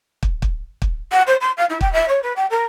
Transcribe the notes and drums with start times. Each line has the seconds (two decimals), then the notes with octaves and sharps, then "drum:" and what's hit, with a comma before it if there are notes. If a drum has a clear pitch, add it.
0.23 drum: kick
0.42 drum: kick
0.82 drum: kick
1.12 F#5
1.27 C5
1.41 C6
1.57 F5
1.69 E4
1.81 G5, drum: kick
1.92 E5
2.08 C#5
2.23 B4
2.36 G5
2.50 A#4